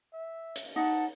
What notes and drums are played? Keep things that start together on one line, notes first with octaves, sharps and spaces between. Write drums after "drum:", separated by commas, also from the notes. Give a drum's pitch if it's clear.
E5
drum: hi-hat
D#4 F#5 A5